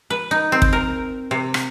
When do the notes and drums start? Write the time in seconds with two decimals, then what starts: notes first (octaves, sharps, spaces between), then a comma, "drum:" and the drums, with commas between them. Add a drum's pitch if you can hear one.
0.10 B4
0.31 D#4
0.52 C4
0.62 drum: kick
0.73 A#4
1.31 C3
1.54 drum: rim click